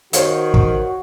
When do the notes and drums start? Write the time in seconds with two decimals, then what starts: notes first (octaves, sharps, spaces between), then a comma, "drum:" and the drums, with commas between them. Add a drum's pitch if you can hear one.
0.13 D#3 F#4 C5 C#5 F5, drum: hi-hat
0.54 drum: kick